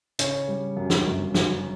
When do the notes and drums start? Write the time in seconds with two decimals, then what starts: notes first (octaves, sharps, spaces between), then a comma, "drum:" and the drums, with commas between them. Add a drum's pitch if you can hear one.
0.19 C#3 C#5, drum: hi-hat
0.48 G3
0.77 F#2
0.90 drum: snare
1.05 G1
1.34 C#3, drum: snare